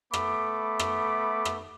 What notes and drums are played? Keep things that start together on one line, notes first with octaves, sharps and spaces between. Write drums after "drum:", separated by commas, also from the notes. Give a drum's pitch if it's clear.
A3 B3 B5 D6, drum: rim click
drum: rim click
drum: rim click